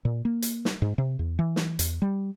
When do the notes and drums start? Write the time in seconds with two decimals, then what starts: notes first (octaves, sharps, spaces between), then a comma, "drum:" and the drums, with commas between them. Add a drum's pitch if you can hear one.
0.05 A#2
0.25 A#3
0.42 drum: hi-hat
0.65 drum: snare
0.82 G#2
0.98 C3
1.19 E2
1.39 E3
1.56 drum: snare
1.79 E2, drum: hi-hat
2.02 G3